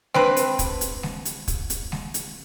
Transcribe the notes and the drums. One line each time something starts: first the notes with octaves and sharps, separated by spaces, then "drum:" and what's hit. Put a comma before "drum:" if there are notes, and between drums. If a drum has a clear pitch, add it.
C4 D4 B4, drum: snare G#3
drum: hi-hat
drum: kick, hi-hat
drum: hi-hat
drum: snare G#3
drum: hi-hat
drum: kick, hi-hat
drum: hi-hat
drum: snare G#3
drum: hi-hat